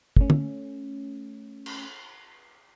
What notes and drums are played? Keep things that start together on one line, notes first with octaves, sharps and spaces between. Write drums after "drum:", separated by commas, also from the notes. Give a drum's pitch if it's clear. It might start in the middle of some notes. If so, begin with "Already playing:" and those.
A3 C#4, drum: kick
drum: tom
drum: cymbal